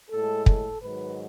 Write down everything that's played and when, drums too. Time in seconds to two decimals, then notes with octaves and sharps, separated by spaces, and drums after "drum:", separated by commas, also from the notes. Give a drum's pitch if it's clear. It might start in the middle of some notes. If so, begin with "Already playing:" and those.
0.11 A2 G#3 A4
0.46 A4, drum: kick
0.82 G#2 D#3 F#3 B4